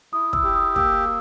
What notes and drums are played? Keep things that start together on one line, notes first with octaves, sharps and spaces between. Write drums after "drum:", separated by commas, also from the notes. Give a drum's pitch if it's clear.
E4 D#6
E6, drum: kick
G4
D#6
A#3 E6, drum: kick